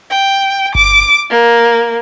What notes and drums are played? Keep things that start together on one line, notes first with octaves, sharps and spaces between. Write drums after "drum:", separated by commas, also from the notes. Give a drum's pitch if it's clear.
G5
D6, drum: kick G1
A#3